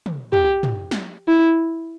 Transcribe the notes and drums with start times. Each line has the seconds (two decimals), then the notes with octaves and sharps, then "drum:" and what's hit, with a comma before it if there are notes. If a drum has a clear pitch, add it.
0.06 drum: tom
0.33 G4, drum: tom
0.63 drum: tom
0.91 drum: snare
1.28 E4